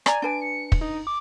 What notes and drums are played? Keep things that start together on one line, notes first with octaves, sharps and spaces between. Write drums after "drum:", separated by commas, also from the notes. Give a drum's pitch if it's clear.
D5 G#5 A#5, drum: rim click
D4 B4 G#5 D7
C#7
drum: kick
D#4
D6